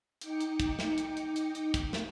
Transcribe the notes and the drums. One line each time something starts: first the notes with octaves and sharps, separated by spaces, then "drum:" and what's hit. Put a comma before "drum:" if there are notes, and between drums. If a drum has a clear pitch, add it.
D#4 G5 D6 C#7, drum: hi-hat
drum: hi-hat
drum: kick, hi-hat
drum: snare
drum: hi-hat
drum: hi-hat
drum: hi-hat
drum: hi-hat
drum: kick, hi-hat
drum: snare